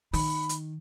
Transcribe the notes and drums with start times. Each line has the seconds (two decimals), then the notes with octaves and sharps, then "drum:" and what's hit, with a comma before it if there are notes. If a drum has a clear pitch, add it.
0.13 D#3 B5, drum: open hi-hat
0.49 drum: hi-hat